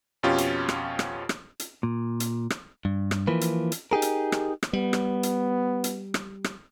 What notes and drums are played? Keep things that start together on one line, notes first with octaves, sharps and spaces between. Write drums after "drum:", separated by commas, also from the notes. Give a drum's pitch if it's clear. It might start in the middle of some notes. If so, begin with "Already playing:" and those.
F2 B2 C#4 F4 G4
drum: hi-hat
drum: rim click
drum: rim click
drum: rim click
drum: hi-hat
A#2
drum: hi-hat
drum: rim click
G2
drum: rim click
E3 F3 A#3 B4
drum: hi-hat
drum: hi-hat
D#4 G4 G#4 A#4
drum: hi-hat
drum: rim click
drum: rim click
G3 B3
drum: rim click
drum: hi-hat
drum: hi-hat
drum: rim click
drum: rim click